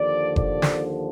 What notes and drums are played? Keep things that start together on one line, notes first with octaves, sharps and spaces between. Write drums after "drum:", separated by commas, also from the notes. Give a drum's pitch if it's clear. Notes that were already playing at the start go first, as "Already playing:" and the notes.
Already playing: D#2 D3 F3 D5
D5, drum: kick F#1
drum: snare